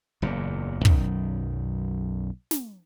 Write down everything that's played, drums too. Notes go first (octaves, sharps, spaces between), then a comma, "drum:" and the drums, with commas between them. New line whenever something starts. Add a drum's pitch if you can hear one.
F#1 E2 A#2
B1 F#2 D#3, drum: kick
drum: snare